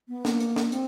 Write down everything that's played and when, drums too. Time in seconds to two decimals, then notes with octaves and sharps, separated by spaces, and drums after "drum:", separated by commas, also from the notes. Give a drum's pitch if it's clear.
0.08 B3
0.25 A#3, drum: snare
0.40 drum: hi-hat
0.56 drum: snare
0.72 C4, drum: hi-hat